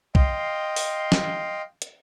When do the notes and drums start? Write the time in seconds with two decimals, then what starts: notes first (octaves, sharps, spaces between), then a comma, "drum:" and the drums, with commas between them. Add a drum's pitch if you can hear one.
0.15 D#5 F5 G5 C6, drum: kick
0.76 drum: open hi-hat
1.12 drum: snare
1.82 drum: hi-hat